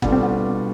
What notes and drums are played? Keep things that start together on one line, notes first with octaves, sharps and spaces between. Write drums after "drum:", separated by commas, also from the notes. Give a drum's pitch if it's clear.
B2 G3 B3 D4 F4 A4, drum: kick
C4
B3